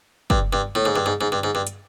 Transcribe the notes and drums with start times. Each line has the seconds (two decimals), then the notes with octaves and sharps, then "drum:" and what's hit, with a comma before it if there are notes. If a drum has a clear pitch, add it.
0.30 G2, drum: kick
0.53 G2
0.75 A2
0.85 G#2
0.96 G2
1.06 G#2
1.21 G#2
1.32 G2
1.44 G#2
1.55 G2
1.67 drum: hi-hat